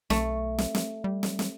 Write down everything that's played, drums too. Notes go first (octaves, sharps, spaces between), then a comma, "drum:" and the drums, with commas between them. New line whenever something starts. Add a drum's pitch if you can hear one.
B1 A3, drum: snare
drum: snare
drum: snare
G3
drum: snare
drum: snare